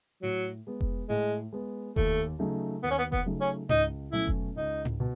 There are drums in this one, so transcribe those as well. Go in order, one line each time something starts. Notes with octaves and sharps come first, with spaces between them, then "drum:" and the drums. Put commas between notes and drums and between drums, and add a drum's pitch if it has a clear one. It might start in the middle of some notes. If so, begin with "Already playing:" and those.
A2 F#3
G#3 B3
drum: kick F1
A2 G#3
G#3 B3
D#2 A3, drum: kick F1
C#3 F#3 A3 D#4
D#2 B3
C#4
B3
B3, drum: kick F1
C#3 F#3 A3 D#4
C#4
C#2 D#4, drum: tom G#2
B2 F#3 A3 C#4 E4
drum: kick F1
C#2 D#4
drum: tom G#2
B2